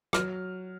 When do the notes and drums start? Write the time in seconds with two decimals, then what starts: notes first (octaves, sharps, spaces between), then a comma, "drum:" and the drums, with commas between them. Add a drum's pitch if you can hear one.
0.13 F#3 F6, drum: rim click